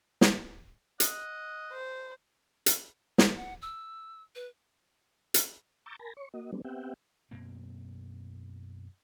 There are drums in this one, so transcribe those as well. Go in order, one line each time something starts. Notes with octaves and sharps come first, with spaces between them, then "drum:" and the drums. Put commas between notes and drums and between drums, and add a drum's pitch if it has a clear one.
drum: snare
D#5 F#5, drum: hi-hat
C5
drum: hi-hat
A4, drum: snare
F#5
E6
B4
drum: hi-hat
A#5 C#6 D6 E6 G6 A6
A#4 G#5 A5 B5 A#6
C#5 C#6
A#3 F#4 D#5
F#3 G3 A3 B3 C4 D4
B3 C4 G4 E5 F#5 G5
F#2 B2 A#3 C4